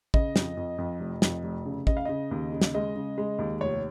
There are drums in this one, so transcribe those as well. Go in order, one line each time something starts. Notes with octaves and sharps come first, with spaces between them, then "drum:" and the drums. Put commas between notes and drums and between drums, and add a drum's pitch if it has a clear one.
C#3 D#5, drum: kick
F2, drum: snare
F2
F2
F1
F2, drum: snare
F1
C#3
C#3 D#5, drum: kick
F5
C#3 D#5
D#2
C#3
drum: snare
G#3 D#5
C#3
G#3
D#2
F1 C#5